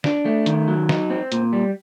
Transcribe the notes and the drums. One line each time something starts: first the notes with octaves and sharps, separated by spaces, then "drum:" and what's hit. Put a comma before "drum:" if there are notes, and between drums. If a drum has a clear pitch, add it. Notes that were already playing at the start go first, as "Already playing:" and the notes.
D4, drum: snare
A3
D#3, drum: hi-hat
F#3
D#4, drum: snare
C4
A#2, drum: hi-hat
G3